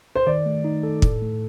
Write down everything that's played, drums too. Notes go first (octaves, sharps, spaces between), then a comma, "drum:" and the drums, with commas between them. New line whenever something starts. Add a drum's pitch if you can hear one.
C5
D#3 D5
A3
D#4
A4
A2, drum: kick
A3